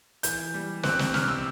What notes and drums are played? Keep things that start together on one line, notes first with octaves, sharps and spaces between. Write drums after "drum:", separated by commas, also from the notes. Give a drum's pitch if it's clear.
E3 G6, drum: hi-hat
G3
C4 F#6, drum: snare
F#6, drum: snare
C3 F6, drum: snare
E6